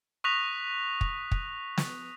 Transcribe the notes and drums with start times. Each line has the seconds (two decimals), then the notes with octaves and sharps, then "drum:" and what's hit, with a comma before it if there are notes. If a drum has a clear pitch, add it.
0.24 C#6 D#6 F#6 A#6 B6 F7
1.01 drum: kick
1.32 drum: kick
1.77 drum: snare